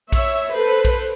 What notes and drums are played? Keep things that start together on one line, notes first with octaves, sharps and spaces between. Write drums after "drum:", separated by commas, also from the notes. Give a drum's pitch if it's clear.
C#5 E5, drum: kick A#1, cymbal
A4 B4 C5
drum: kick A#1, cymbal